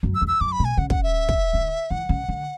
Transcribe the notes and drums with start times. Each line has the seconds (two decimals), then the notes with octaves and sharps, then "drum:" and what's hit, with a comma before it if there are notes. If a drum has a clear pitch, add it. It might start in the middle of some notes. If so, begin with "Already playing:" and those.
0.03 F#2
0.15 E6
0.21 E2
0.28 E6
0.41 F#2 D6
0.52 B5
0.60 B2
0.65 G#5
0.77 C#3 F#5
0.90 F#5, drum: kick
1.03 E5
1.29 drum: kick
1.53 D3
1.90 E3 F#5
2.09 C#3
2.28 D3